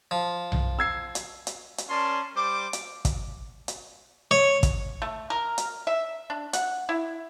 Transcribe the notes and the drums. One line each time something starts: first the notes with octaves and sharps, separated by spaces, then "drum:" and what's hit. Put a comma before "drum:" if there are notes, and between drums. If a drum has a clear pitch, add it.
F3
drum: tom B1
E6 G#6 C7
drum: hi-hat
drum: hi-hat
drum: hi-hat
C#4 A#4 D5 A5 C6
G3 C5 D6
drum: hi-hat
drum: kick, hi-hat
drum: hi-hat
C#5
drum: kick, hi-hat
A3
A#4
drum: hi-hat
E5
D4
F#5, drum: hi-hat
E4